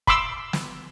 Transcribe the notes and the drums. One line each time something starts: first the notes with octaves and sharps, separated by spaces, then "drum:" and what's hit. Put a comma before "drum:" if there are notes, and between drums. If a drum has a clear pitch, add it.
B5 C6 D6 E6, drum: kick
drum: snare